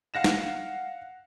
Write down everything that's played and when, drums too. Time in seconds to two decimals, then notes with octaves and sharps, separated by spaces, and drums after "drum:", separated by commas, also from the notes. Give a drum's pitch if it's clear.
0.14 F5 F#5 A#6 E7
0.24 drum: snare